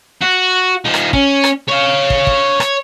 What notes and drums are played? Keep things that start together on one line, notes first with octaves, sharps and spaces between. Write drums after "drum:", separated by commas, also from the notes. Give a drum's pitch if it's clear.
F#4
F3 D#4
drum: rim click
C#4, drum: kick
drum: rim click
C#5 F5
drum: kick
drum: kick
C#5, drum: rim click